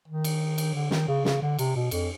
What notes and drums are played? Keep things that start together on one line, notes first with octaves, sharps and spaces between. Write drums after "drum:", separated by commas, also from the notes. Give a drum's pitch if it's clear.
D#3
drum: cymbal
drum: cymbal
D3
D#3, drum: snare
C#3
C#3, drum: snare
D3
C3, drum: cymbal
B2
F2, drum: cymbal